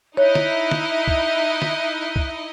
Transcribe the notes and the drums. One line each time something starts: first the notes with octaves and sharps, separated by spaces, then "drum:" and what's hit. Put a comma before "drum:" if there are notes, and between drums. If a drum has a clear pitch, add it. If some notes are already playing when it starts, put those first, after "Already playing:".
D#4 E4 C#5 D#5 E5 F#6 G6
drum: snare
drum: snare
drum: kick
drum: snare
drum: kick